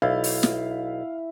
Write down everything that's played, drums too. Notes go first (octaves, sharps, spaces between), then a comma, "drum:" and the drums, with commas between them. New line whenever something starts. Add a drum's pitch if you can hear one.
B1 E4 F5
drum: open hi-hat
drum: snare